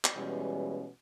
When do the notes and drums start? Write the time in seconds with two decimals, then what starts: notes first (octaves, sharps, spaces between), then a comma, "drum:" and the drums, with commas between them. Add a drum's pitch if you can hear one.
0.05 drum: clap
0.16 B2 E3 G3 G#3 C#4